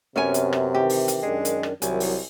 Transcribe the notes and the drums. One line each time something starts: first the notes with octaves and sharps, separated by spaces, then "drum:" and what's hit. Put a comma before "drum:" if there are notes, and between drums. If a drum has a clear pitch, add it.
F#2 C3 B3 C#4 C#5 G#5
drum: hi-hat
drum: rim click
D#3 E3 G4
drum: open hi-hat
drum: hi-hat
F#2 D#3 G#3 D4
drum: hi-hat
drum: rim click
C2 D#3 F#3 E4 G#5, drum: hi-hat
drum: open hi-hat